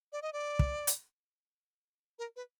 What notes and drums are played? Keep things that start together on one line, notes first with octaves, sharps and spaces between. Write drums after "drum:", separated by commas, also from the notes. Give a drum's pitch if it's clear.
D5
D#5
D5
drum: kick
drum: hi-hat
A#4
B4